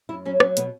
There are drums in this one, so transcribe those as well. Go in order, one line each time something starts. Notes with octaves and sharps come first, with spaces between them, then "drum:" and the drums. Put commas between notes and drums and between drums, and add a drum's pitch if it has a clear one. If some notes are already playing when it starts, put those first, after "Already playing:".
F#2 E4
F#3 C#4
F#3 C#4, drum: rim click
B2 B3, drum: hi-hat